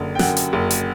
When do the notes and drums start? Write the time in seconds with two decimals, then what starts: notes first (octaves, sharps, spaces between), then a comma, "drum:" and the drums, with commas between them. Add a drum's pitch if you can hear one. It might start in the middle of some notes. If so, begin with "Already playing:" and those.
Already playing: F#1 D3
0.15 G5
0.19 F#2 F#5, drum: snare
0.37 drum: hi-hat
0.53 F#1
0.71 drum: hi-hat